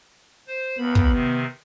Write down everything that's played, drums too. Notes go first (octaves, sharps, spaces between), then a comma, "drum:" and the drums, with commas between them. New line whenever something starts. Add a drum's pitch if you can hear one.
C5
D#2 B3 B5
drum: kick
C3 D#3